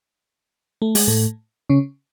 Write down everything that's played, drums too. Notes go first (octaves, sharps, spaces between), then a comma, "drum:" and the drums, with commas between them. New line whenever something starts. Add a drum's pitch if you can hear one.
A3
G#3, drum: open hi-hat
A2 A3
C#3 C#4